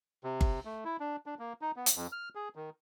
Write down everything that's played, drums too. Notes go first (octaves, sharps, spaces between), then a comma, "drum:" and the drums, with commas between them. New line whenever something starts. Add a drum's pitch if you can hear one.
C3
drum: kick G1
A3
E4
D4
D4
A#3
D#4
B3
drum: hi-hat
F2
F6
G#4
D#3